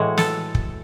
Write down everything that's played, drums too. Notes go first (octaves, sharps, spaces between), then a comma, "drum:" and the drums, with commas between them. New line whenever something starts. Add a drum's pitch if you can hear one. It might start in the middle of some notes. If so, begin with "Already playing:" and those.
Already playing: A2 E3 G#3 F#4
A4, drum: snare
drum: kick